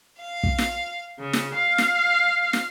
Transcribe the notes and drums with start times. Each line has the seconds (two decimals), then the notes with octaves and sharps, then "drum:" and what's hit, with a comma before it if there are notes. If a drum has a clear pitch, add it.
0.19 F5
0.43 drum: kick
0.58 drum: snare
1.18 C#3
1.33 drum: snare
1.54 F5
1.78 drum: snare
2.53 drum: snare